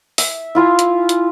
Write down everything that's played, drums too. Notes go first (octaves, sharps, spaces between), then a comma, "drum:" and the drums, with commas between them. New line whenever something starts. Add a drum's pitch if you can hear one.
E5, drum: open hi-hat
E4 F4 F5 G#5
drum: hi-hat
drum: hi-hat